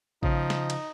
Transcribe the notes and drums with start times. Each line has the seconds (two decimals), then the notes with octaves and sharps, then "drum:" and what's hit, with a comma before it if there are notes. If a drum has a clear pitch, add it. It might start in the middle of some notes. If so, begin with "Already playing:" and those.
0.23 C#3 F3 D#4, drum: kick A1
0.50 drum: snare
0.70 drum: cymbal